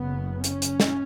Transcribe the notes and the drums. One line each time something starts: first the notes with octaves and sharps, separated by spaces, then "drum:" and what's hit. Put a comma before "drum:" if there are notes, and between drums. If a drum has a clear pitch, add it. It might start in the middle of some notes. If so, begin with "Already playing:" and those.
Already playing: F#1 F#2 C#3 B3
C#4, drum: hi-hat
drum: hi-hat
drum: snare